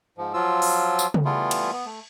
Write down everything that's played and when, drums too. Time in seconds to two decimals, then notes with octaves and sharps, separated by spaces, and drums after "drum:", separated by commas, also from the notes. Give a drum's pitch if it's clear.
0.18 G#2 F3
0.34 F3 F#3 F4 E6
0.62 drum: open hi-hat
0.99 drum: tambourine
1.14 drum: tom C#3
1.25 E3 G3 A3 B3 E4 F4
1.51 drum: cymbal
1.72 B3
1.86 A3